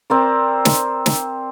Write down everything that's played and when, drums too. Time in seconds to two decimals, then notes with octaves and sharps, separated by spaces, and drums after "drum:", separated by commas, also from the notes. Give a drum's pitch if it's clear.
0.10 C4 A#4 D5
0.65 drum: snare
1.06 drum: snare